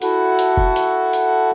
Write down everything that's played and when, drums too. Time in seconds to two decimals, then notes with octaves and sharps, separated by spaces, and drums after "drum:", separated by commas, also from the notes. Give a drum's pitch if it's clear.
0.02 E4 F#4 A4 F#5, drum: hi-hat
0.39 drum: hi-hat
0.57 drum: kick F1
0.76 drum: hi-hat
1.13 drum: hi-hat